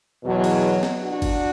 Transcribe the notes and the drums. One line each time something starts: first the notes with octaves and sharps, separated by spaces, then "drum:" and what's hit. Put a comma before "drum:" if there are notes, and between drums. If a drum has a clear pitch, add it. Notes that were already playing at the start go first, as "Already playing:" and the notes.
E2 B2 F#3
drum: cymbal
drum: snare
D4 F#4
drum: kick G1, cymbal